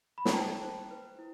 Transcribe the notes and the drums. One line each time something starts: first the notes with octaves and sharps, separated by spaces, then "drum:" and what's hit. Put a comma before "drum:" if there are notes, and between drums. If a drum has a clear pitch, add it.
B5
A#5, drum: snare
C5 G5 A5
C5
B4
E4